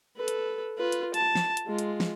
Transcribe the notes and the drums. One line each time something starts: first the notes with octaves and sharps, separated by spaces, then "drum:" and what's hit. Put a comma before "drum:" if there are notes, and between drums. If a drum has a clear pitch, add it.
A4 B4
drum: hi-hat
F4 B4
drum: hi-hat
A5, drum: hi-hat
drum: snare
drum: hi-hat
G#3 F4
drum: hi-hat
drum: snare